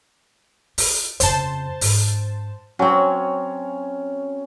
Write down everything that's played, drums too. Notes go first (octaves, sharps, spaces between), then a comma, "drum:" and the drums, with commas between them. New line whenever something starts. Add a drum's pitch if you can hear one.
F4, drum: open hi-hat
F2 C#3 C5 A5, drum: hi-hat
G#2, drum: open hi-hat
F#3 C4 C#4